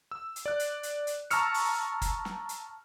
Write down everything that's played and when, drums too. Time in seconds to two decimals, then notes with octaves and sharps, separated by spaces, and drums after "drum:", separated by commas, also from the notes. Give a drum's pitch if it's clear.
0.11 E6
0.36 drum: hi-hat
0.46 D5 F#6
0.59 drum: hi-hat
0.83 drum: hi-hat
1.07 drum: hi-hat
1.31 A5 A#5 C#6 E6 F6 C#7, drum: hi-hat
1.54 drum: open hi-hat
2.02 drum: kick, hi-hat
2.25 drum: snare
2.49 drum: hi-hat